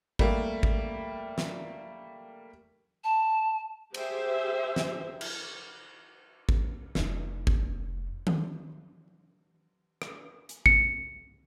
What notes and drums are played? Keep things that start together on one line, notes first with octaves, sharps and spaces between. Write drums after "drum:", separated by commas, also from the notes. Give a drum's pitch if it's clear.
G3 A3 A#3, drum: kick G#1
drum: kick G#1
drum: snare
A5
G4 G#4 C5 E5, drum: cymbal
drum: snare
drum: cymbal
drum: kick G#1
F1 D#4, drum: snare
drum: kick G#1
drum: tom D#3
drum: rim click
drum: hi-hat
C#7, drum: kick G#1